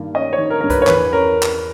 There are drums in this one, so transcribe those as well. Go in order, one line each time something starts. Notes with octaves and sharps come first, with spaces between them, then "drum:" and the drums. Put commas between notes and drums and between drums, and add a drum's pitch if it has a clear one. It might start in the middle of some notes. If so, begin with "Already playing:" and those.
Already playing: G2 D#3 A#3
C#4 D#5
C#5
D#3
A#4
G2 A#4
B4, drum: kick C2, hi-hat
C#5
E2 B4, drum: clap
C#4 A#4
drum: clap